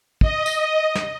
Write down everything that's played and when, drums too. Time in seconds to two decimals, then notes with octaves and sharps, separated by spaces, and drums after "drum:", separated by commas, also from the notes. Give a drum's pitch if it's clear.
0.21 D#5, drum: kick
0.46 drum: tambourine
0.95 drum: snare